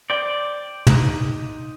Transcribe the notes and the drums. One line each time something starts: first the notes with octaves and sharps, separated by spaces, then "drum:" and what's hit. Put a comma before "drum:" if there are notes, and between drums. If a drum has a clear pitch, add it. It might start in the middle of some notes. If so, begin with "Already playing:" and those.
C5 D5 G5
D#4 D#6, drum: tom